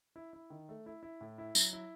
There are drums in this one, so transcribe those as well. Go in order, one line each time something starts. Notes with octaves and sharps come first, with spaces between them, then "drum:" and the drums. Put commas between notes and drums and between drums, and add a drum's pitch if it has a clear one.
E4
E4
D#3
A3
E4
E4
A2
E4
F#3, drum: tambourine
E4